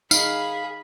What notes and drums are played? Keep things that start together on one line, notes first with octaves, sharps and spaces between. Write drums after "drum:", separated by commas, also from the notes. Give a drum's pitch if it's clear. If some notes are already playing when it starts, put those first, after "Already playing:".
D#4 G#4 F5 B5, drum: tambourine